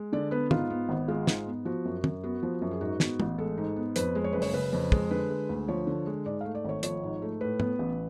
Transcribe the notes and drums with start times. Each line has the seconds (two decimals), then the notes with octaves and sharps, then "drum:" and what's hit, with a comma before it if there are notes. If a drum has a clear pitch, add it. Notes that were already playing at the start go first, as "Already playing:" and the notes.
Already playing: G#3
0.13 D3 D5
0.31 B3 B4
0.51 G#2 F4, drum: tom
0.70 B3
0.89 G#1
1.08 G#3 F4
1.27 G#2, drum: snare
1.47 B3
1.65 F3 F#4
1.85 F#2
2.04 F#2, drum: tom
2.23 B3 F#4
2.43 F3
2.62 F#2
2.71 G#4
2.81 G#2 F#4
3.00 B3, drum: snare
3.20 A1, drum: tom
3.38 G#3 A4
3.58 G#2
3.76 B3
3.96 F2 B4, drum: hi-hat
4.15 G#3
4.24 C#5
4.33 F#1 B4
4.42 C#5, drum: open hi-hat
4.53 C#3 B4
4.73 F2
4.92 G#3, drum: kick
5.11 D3 B4
5.30 G#3
5.49 D2
5.68 F3 C#5
5.87 D3
6.06 G#3
6.25 G#2 D5
6.41 A3 F5
6.55 D5
6.64 G#1 C#5
6.83 F3 C#5, drum: hi-hat
7.03 G#2
7.22 A3
7.41 A2 B4
7.60 B3, drum: tom
7.79 A1